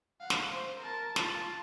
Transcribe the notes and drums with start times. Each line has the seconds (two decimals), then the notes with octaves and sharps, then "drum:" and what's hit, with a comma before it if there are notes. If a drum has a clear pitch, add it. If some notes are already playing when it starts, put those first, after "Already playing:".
0.20 F5 F#5
0.30 drum: snare
0.50 C5
0.79 A#4 A5
1.16 F4 A5, drum: snare